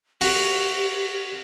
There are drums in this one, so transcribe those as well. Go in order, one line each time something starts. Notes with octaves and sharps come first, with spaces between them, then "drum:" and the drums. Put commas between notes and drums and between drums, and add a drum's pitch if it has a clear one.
F#4 G4, drum: open hi-hat